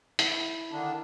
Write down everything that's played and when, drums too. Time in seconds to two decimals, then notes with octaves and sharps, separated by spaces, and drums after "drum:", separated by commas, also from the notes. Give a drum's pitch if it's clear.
0.19 E4, drum: hi-hat
0.71 D3 D#3 D4